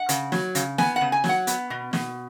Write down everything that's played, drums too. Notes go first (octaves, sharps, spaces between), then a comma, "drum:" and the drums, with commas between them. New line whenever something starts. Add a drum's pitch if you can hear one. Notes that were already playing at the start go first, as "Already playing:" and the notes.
Already playing: F#5
C#3, drum: hi-hat
F#3, drum: snare
C#3, drum: hi-hat
B3 G#5, drum: snare
F#5
C#3
G#5
F#3, drum: snare
F#5
B3, drum: hi-hat
B2
B2, drum: snare